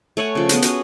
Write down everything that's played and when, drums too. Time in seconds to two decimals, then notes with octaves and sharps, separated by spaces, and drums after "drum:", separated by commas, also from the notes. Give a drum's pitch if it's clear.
0.17 A3 C#5 F#5 G#5
0.35 C#3 F3
0.49 B3 G#4 F#5, drum: hi-hat
0.62 C#4 F#4, drum: hi-hat